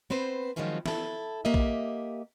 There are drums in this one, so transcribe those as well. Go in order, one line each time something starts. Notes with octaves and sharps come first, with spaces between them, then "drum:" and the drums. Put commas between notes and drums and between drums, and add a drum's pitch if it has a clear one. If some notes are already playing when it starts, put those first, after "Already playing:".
B3 C4 B4 C5
D#3 F3 F#3 G#3 C4 C#4
E4 A4, drum: snare
A#3 G4 D#5 E5
drum: kick